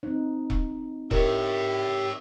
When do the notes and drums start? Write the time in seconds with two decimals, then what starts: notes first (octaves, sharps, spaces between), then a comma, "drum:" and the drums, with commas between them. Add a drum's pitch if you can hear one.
0.03 C4 D#4 C5
0.50 drum: kick E1
1.11 E4 G4 A#4 C#5 D#5 E5, drum: kick E1